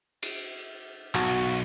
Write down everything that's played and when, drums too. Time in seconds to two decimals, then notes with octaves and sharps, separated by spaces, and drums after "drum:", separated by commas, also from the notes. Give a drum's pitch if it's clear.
0.23 drum: cymbal
1.15 B1 F#4, drum: clap